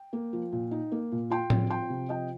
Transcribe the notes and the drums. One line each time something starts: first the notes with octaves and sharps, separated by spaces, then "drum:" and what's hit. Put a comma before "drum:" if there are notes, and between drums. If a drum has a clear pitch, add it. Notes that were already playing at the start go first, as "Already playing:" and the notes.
Already playing: G5
A#3
F3
A#2
D#4
A#3
A#2
F4 G5 C6
C4, drum: tom A2
F3 G5 C6
C3
F3 D#5 G5